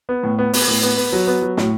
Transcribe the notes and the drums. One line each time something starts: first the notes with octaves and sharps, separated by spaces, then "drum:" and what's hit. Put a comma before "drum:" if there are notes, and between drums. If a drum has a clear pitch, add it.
B3
A2
B3
B3, drum: open hi-hat
A2
B3
B3
F#3
B3
F#3
A2, drum: snare